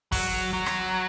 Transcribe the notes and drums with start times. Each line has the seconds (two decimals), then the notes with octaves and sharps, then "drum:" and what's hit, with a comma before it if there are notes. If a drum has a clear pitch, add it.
0.12 F#3, drum: kick, open hi-hat
0.53 F#3
0.66 drum: rim click